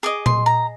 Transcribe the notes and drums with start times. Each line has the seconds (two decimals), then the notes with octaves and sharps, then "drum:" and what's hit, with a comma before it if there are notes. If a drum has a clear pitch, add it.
0.03 G#4 D#5 D6
0.26 C6, drum: tom A#2
0.46 A#5